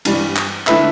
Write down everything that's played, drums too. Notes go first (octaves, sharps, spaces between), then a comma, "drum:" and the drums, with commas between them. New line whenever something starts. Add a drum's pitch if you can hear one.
G2 E3 G3, drum: cymbal
drum: clap
D3 A3 E4 B4 E5, drum: clap